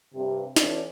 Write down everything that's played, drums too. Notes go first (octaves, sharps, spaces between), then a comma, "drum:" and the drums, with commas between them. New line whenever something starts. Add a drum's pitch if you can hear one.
G2 C3
E3 C#4 F#4 A4 D5, drum: snare